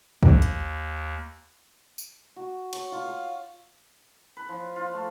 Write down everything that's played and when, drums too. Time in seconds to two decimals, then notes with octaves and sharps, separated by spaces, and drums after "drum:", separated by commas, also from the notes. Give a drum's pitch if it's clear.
0.23 D#2, drum: kick
0.42 drum: hi-hat
1.98 drum: tambourine
2.36 F#4
2.73 C#5, drum: cymbal
2.92 F4
3.05 F5
4.37 B4
4.49 F3
4.76 F4
4.93 A3